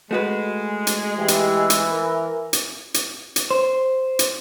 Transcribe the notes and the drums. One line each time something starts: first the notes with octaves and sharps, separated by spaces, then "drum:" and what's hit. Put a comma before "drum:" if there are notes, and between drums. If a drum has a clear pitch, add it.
G#3 A3 F#4 B4
drum: hi-hat
E3 G4
drum: hi-hat
drum: hi-hat
A#4
drum: hi-hat
drum: hi-hat
drum: hi-hat
C5
drum: hi-hat